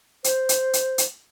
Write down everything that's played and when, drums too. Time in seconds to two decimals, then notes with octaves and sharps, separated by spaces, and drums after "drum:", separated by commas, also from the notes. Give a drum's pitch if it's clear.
0.24 C5, drum: hi-hat
0.49 drum: hi-hat
0.73 drum: hi-hat
0.98 drum: hi-hat